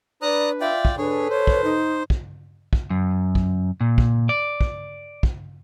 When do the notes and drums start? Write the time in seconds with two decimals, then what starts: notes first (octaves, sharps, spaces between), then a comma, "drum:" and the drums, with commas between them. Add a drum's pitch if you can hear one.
0.22 D4 B4 D5 A#5 D#6 F#6
0.61 F4 D5 E5 G5
0.85 drum: kick
0.98 D4 G#4 A4 B4 C#5
1.30 C5 C#5
1.47 drum: kick
1.64 D#4
2.10 drum: kick
2.73 drum: kick
2.90 F#2
3.35 drum: kick
3.81 A#2
3.98 drum: kick
4.29 D5
4.61 drum: kick
5.23 drum: kick